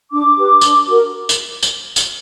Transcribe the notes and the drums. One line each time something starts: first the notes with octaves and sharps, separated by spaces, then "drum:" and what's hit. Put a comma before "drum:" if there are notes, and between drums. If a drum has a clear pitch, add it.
D4 D6
G4 B4
D4, drum: tambourine
F#4 A#4
drum: tambourine
drum: tambourine
drum: tambourine